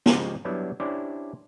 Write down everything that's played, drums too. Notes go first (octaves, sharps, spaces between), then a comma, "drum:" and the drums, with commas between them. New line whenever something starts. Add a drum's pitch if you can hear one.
C#3 F3 G#3 C#4 D#4 G4, drum: snare
F#3 G3 B3 D4 E4
C#4 D4 E4 G4 C5 D5